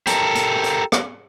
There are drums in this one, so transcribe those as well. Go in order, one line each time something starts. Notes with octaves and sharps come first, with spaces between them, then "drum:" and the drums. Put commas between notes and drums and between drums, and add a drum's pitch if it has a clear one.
G4 A4 A#4, drum: hi-hat
drum: hi-hat
drum: hi-hat
drum: rim click